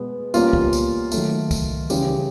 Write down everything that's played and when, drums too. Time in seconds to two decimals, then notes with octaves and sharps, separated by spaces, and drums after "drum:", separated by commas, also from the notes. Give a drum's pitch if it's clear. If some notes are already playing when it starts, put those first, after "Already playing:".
Already playing: B2 G#3 B3
0.34 B2 G3 A#3 C#4 F4, drum: tambourine
0.53 drum: kick C2
0.73 drum: tambourine
1.12 D#3 F#3 A3, drum: tambourine
1.51 drum: kick C2, tambourine
1.90 C#3 E3 G3 G4, drum: tambourine